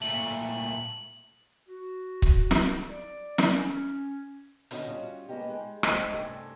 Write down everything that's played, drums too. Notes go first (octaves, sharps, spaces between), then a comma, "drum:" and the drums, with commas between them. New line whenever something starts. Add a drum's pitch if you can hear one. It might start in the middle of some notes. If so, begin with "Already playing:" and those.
A#2 A3 F#7
F#4
drum: kick C#1
drum: snare
D5
drum: snare
C#4
D3 C#4 D4 F#4 D#5, drum: hi-hat
G3 C#4 F4 F#4
G#3 A#3 B3 C#4 D#4 G4
G#3
A3 D#4 C5 D#5 G5, drum: rim click
G2 C3 A3 A4 G#5